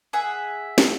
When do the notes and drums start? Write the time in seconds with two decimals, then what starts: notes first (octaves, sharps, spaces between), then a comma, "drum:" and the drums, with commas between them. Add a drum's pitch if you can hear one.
0.13 G#4 E5 F#5
0.78 drum: snare